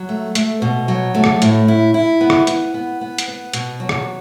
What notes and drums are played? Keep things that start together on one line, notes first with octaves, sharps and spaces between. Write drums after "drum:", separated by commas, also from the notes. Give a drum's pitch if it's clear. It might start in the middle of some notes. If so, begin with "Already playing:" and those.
Already playing: F#3
A3
A3, drum: hi-hat
B2
F#3
A3
drum: rim click
A2, drum: hi-hat
E4
E4
B3
drum: rim click
B3, drum: hi-hat
B3
B3
drum: hi-hat
B3
B2, drum: hi-hat
F#3
drum: rim click